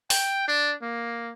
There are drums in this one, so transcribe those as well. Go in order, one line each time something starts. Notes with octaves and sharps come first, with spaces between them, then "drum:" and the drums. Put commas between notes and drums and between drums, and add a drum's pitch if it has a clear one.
G5, drum: open hi-hat
D4
A#3